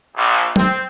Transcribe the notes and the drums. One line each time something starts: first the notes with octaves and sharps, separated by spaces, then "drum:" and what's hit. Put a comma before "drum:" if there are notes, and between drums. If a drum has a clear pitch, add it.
A#1
C4, drum: tom F#3